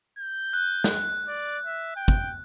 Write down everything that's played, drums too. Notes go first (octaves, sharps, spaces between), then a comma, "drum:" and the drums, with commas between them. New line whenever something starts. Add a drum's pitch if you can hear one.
G6
F#6
drum: snare
D5
E5
G5
drum: kick